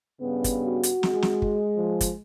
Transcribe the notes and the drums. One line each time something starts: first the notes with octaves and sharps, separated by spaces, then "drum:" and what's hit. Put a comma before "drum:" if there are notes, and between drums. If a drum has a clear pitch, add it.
G2 C#3 B3
drum: kick, hi-hat
F#4
drum: hi-hat
G#3, drum: snare
drum: snare
drum: kick
F3
drum: kick, hi-hat